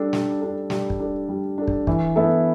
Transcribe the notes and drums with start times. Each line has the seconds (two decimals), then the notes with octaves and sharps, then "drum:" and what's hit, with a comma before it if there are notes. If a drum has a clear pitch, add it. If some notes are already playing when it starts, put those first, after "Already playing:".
Already playing: G3 D4 A4
0.13 G3, drum: snare
0.41 D4 A4
0.70 G3, drum: snare
0.90 drum: kick
1.00 D4 A4
1.29 G3
1.58 D4 A4
1.67 drum: kick
1.87 E3, drum: kick
2.16 B3 E4 A4